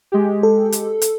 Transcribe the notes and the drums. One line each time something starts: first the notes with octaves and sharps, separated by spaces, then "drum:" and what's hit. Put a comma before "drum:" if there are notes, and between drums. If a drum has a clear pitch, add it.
G#3 G4
A4
drum: hi-hat
drum: hi-hat